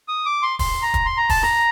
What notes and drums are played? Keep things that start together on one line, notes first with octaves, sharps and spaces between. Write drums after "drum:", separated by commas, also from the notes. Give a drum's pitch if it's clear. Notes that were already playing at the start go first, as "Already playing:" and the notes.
D#6
D6
C6
C6, drum: kick, open hi-hat
A#5
drum: kick, hi-hat
C6
A#5
A5, drum: kick, open hi-hat
A#5, drum: rim click